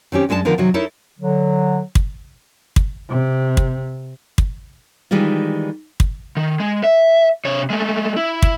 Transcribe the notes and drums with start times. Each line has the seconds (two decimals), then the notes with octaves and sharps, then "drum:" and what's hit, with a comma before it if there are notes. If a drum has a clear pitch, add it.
0.12 D#3 C4 C#4 G4
0.29 F#2 G#3 D4 G#4 A5
0.45 D3 D#3 F3 B3 A#4
0.58 C3 D#3 F#3
0.74 D#4 E4 A4 A#4 C#5 E5
1.19 D3 F#3
1.95 drum: kick
2.76 drum: kick
3.09 C3
3.57 drum: kick
4.38 drum: kick
5.11 D#3 E3 G3 G#3 F4
6.00 drum: kick
6.37 D#3
6.60 G#3
6.84 E5
7.45 C3 C#5
7.70 G#3 A3
8.16 E4
8.42 drum: kick